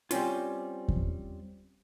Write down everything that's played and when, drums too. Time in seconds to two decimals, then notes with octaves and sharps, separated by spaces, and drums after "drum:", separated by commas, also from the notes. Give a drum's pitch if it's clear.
0.11 G3 C4 C#4 F4, drum: hi-hat
0.88 drum: kick E2